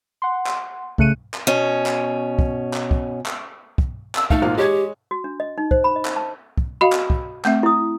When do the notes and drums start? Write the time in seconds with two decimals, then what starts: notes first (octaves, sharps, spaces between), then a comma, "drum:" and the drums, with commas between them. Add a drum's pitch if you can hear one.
0.22 F#5 C6
0.47 drum: clap
0.98 C#3 A3 F#6 C#7 D#7, drum: kick
1.34 drum: clap
1.47 B2 C#4
1.86 drum: clap
2.39 drum: kick
2.74 drum: clap
2.91 drum: kick
3.26 drum: clap
3.78 drum: kick
4.15 E6, drum: clap
4.30 A3 D#4 A4 F5, drum: kick
4.42 G#1 A#2 F5
4.57 G#3 G4 C#5 G#6
5.11 F#4
5.24 D4
5.40 D#5
5.58 D#4
5.71 C5, drum: kick
5.84 B5
5.96 D#5
6.05 drum: clap
6.16 A5
6.58 drum: kick
6.81 F#4 D#5 F5 B5
6.92 drum: clap
7.10 drum: kick
7.45 A3 C4 E5, drum: clap
7.63 E4 D#6